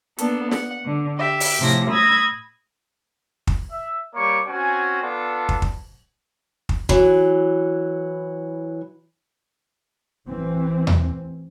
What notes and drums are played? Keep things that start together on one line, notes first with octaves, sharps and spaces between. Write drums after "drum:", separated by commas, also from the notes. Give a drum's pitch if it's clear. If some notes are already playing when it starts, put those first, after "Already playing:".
A#3 B3 D4 A4, drum: hi-hat
F#5, drum: snare
D3
G4 E5
drum: open hi-hat
A2 C3 F3 E4 A#6
B5 D#6 E6 G#6 A#6
drum: kick
E5
G3 A#3 C#5 C#6 D6
C4 C#4 F#4 G#5
B3 D4 F4 A4
drum: kick
drum: kick
drum: kick
E3 F#3, drum: kick
A1 E3 C4
drum: tom E2